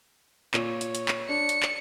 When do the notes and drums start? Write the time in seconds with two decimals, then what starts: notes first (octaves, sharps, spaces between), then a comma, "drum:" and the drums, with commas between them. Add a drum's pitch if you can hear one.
0.54 A#2 C#5, drum: clap
0.81 drum: hi-hat
0.95 drum: hi-hat
1.08 drum: clap
1.29 D4 C#7
1.49 drum: hi-hat
1.63 drum: clap